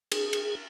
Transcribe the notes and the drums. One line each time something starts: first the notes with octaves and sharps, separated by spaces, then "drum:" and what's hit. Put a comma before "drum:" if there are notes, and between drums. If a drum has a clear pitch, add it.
G#4, drum: cymbal
drum: cymbal